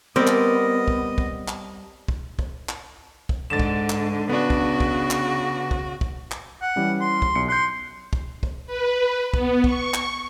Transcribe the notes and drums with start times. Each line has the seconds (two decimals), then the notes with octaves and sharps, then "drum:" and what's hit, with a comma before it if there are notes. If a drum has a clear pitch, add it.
0.16 G3 B3 C4 A#4 D5 D#5
0.27 drum: clap
0.88 drum: kick
1.18 drum: kick
1.48 drum: clap
2.08 drum: kick
2.39 drum: kick
2.69 drum: clap
3.29 drum: kick
3.50 G#2 D3 A6 E7
3.60 drum: kick
3.90 drum: clap
4.29 C#3 B3 D4 F#4
4.50 drum: kick
4.80 drum: kick
5.11 drum: clap
5.71 drum: kick
6.01 drum: kick
6.31 drum: clap
6.62 F#5
6.76 E3 G3 C#4
7.01 C6
7.22 drum: kick
7.35 B1 C#7
7.48 C6 F#6 G6
8.13 drum: kick
8.43 drum: kick
8.66 B4
9.34 B3, drum: kick
9.64 C#6, drum: kick
9.94 drum: clap